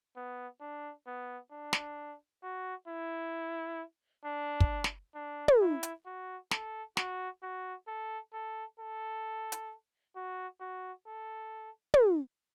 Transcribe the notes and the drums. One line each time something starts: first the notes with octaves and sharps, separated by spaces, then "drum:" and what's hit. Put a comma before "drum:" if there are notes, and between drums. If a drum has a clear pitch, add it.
B3
D4
B3
D4
drum: snare
F#4
E4
D4
drum: kick
drum: snare
D4
drum: tom
E4
drum: hi-hat
F#4
A4, drum: snare
F#4, drum: snare
F#4
A4
A4
A4
drum: hi-hat
F#4
F#4
A4
drum: tom